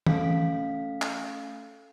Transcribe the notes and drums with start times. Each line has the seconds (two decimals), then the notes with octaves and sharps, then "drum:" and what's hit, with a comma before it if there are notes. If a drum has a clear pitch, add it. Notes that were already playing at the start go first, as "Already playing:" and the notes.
0.06 A3 C#4 A4 F5 B6, drum: tom
1.02 drum: clap